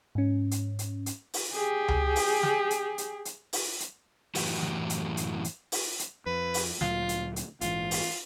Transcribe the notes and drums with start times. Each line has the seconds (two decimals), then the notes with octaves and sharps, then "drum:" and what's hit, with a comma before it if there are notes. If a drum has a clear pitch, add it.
0.15 G#2 C#4
0.51 drum: hi-hat
0.79 drum: hi-hat
1.06 drum: hi-hat
1.34 drum: open hi-hat
1.53 G4 G#4
1.88 drum: tom C#2
2.16 drum: open hi-hat
2.43 drum: snare
2.71 drum: hi-hat
2.98 drum: hi-hat
3.25 drum: hi-hat
3.53 drum: open hi-hat
3.80 drum: hi-hat
4.35 F#2 A2 E3 F#4 G4, drum: open hi-hat
4.62 drum: snare
4.90 drum: hi-hat
5.17 drum: hi-hat
5.44 drum: hi-hat
5.72 drum: open hi-hat
5.99 drum: hi-hat
6.26 F2 B4
6.54 drum: open hi-hat
6.81 D2 A#2 F#3 F4, drum: snare
7.09 drum: hi-hat
7.36 drum: hi-hat
7.61 A#1 G#2 E3 F4, drum: hi-hat
7.91 drum: open hi-hat